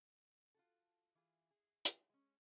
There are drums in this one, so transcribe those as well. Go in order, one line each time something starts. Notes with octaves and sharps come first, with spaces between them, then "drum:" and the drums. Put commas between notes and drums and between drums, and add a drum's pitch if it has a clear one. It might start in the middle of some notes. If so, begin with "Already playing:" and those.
F4 F#4 A4
E3 F4 G#4
G#4
drum: hi-hat
G#3 C#4